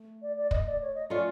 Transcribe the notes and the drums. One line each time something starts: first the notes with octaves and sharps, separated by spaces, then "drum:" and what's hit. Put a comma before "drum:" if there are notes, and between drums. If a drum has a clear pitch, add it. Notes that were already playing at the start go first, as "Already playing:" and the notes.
Already playing: A3
D5
D5
D#5, drum: kick
D5
C#5
D#5
A3 C#4 F4 D5